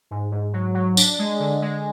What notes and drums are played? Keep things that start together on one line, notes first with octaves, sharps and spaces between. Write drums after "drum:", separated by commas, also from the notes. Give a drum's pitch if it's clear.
G#2
G#2
F#3
F#3
D4, drum: tambourine
G#3
D3
G#3